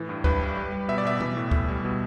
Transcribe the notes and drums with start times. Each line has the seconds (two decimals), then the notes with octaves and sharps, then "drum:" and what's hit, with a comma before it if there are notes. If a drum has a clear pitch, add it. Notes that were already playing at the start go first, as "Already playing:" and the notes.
Already playing: A2 E3
0.09 G2
0.24 G2 B4, drum: kick
0.41 G3
0.57 G3
0.72 G3
0.88 B2 E5
0.98 D5
1.05 B2 E5
1.20 E3, drum: tom B2
1.37 A2
1.51 A2, drum: kick
1.69 G3
1.84 B2